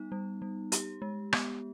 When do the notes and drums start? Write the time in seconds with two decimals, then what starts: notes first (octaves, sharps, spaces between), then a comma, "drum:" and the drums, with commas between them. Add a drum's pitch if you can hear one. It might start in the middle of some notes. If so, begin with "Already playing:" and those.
Already playing: G3 B3 D#4
0.12 G3
0.42 G3
0.72 G4, drum: hi-hat
1.02 G#3
1.33 B3, drum: rim click